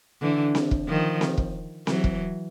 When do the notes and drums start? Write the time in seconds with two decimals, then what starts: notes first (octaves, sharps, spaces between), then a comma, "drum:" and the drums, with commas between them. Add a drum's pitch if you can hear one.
0.21 D3 E3
0.55 drum: snare C4
0.71 drum: kick
0.88 D#3 F3
1.21 drum: snare C4
1.38 drum: kick
1.87 E3 F#3, drum: snare C4
2.04 drum: kick